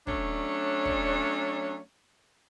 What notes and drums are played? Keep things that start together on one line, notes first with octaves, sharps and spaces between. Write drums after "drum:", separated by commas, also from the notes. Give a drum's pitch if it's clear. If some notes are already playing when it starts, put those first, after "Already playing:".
F#3 A3 C#4 D4, drum: kick
drum: kick